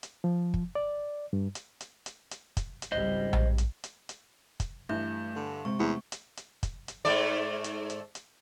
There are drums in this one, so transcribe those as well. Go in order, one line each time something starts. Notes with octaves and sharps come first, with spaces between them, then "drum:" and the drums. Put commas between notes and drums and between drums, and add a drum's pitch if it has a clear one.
drum: hi-hat
F3
drum: kick
D5
G2
drum: hi-hat
drum: hi-hat
drum: hi-hat
drum: hi-hat
drum: kick, hi-hat
drum: hi-hat
G#1 C#2 G3 C5 D#5
drum: tom A#1
drum: hi-hat
drum: hi-hat
drum: hi-hat
drum: kick, hi-hat
G2 E3 A3 E5 G6
D3
C3 G#3 C4 C#6
E2 A3
drum: hi-hat
drum: hi-hat
drum: kick, hi-hat
drum: hi-hat
G#2 A3 D5
drum: hi-hat
drum: hi-hat
drum: hi-hat